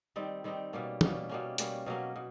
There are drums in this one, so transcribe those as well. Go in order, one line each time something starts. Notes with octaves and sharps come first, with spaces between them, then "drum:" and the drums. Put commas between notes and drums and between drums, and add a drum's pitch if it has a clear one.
D#3 G3 C4 D#4
D#3 G3 C4 D#4
B2 G3 A#3 C#4
B2 G3 A#3 C#4, drum: tom
B2 G3 A#3 C#4
B2 G3 A#3 C#4, drum: hi-hat
B2 F#3 A#3 C#4
B2